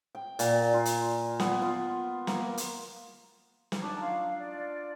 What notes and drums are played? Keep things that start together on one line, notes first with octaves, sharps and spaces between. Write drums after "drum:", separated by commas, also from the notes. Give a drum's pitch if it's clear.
G5
A#2, drum: hi-hat
F4
drum: hi-hat
B3, drum: snare
F4
A#3, drum: snare
drum: hi-hat
drum: snare
F#3 D4 D#4 A5
D4 F4 F5
D5